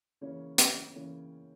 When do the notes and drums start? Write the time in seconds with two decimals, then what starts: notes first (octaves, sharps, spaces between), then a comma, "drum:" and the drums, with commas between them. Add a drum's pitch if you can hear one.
0.21 C#3 E3 A#3 C#4 C#5
0.58 G5, drum: hi-hat
0.95 C#3 E3 A#3 C#4